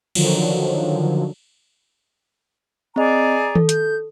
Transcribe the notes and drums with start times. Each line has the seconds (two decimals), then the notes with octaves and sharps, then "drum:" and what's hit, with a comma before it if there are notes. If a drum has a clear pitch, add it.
0.15 D3 D#3 F3 F#3, drum: cymbal
2.96 C4 G#4 D5 D#5 A#5
3.55 A4, drum: tom D#3
3.69 G6, drum: hi-hat